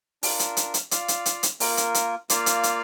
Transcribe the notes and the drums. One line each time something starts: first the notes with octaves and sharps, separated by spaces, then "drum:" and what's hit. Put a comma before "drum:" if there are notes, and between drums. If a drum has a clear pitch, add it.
D4 F4 A#4, drum: open hi-hat
drum: hi-hat
drum: hi-hat
drum: hi-hat
F4 D5 F5, drum: hi-hat
drum: hi-hat
drum: hi-hat
drum: hi-hat
A#3 F4 A#4, drum: open hi-hat
drum: hi-hat
drum: hi-hat
A#3 F4 D5 F5, drum: hi-hat
drum: hi-hat
drum: hi-hat